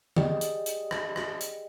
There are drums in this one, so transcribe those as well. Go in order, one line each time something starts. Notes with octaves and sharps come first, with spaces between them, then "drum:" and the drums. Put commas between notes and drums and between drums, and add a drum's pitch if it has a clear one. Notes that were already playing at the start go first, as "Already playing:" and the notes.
G4 G#4 D5 D#5, drum: tom D3
drum: hi-hat
drum: hi-hat
drum: rim click
drum: rim click
drum: hi-hat